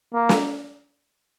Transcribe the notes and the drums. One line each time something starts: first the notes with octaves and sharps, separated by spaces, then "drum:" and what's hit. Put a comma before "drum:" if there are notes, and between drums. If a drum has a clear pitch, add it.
A#3
drum: snare